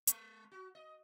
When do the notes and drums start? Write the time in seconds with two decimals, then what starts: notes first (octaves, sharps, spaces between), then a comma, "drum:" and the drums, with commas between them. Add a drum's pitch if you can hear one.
0.07 G#3, drum: hi-hat
0.52 F#4
0.75 D#5